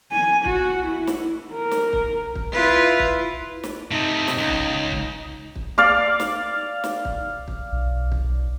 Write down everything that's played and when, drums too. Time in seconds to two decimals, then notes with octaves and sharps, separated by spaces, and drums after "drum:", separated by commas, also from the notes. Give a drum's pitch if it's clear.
0.12 G#5
0.45 F#4, drum: kick
0.86 E4
1.07 drum: snare
1.53 A#4
1.71 drum: snare
1.93 drum: kick
2.35 drum: kick
2.52 E4 F4 B4
2.99 drum: kick
3.63 drum: snare
3.91 C3 A3 D#4
4.28 drum: snare
4.38 C#2
4.49 drum: kick
4.92 drum: kick
5.56 drum: kick
5.78 D5 F5 D6
6.20 drum: snare
6.84 drum: snare
7.05 drum: kick
7.48 drum: kick
7.72 B1
8.12 drum: kick